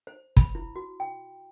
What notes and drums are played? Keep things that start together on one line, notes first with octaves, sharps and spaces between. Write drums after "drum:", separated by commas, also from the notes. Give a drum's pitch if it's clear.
C5
B5, drum: kick
E4
F#4
G5